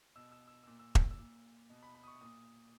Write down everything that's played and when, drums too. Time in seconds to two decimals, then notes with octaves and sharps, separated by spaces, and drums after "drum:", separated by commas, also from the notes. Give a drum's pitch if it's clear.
0.15 B2 E6
0.32 E6
0.48 E6
0.64 E6
0.67 A#2
0.79 E6
0.95 E6, drum: kick E1
1.11 E6
1.18 A#2
1.69 B2
1.83 B5
1.95 B5
2.03 D#6
2.08 C#6
2.21 A#2 D#6